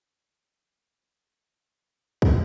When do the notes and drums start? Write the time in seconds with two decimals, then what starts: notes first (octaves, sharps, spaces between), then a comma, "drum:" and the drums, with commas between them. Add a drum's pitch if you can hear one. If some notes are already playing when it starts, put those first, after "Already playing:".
0.12 F3 F#3 A#3
2.22 drum: kick